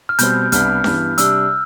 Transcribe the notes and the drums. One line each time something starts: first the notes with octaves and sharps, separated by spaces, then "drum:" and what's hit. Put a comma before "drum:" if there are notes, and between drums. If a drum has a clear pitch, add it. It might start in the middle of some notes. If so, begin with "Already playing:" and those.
F6
B2 G3 C4 G6, drum: hi-hat
C2 C3 G3 B3 D4 F6, drum: hi-hat
G2 E3 B3, drum: snare C#4
C3 G3 D4 E6, drum: hi-hat